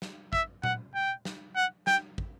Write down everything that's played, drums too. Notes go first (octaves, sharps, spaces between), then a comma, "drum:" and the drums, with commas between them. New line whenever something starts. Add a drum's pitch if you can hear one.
drum: snare
E5, drum: kick
F#5, drum: tom A#2
G5
drum: snare
F#5
G5, drum: snare
drum: kick